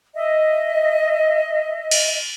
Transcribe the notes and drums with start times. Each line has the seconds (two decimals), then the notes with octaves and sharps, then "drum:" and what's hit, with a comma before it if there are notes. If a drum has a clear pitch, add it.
0.15 D#5 E5
1.91 drum: cymbal